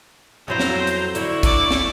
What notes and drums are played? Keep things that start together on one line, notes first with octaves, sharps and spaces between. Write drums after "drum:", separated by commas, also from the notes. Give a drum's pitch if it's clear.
F2 F#3 E4 C5 A#5
drum: snare
drum: hi-hat
D3 E4 C#6, drum: hi-hat
D5, drum: kick, hi-hat
drum: snare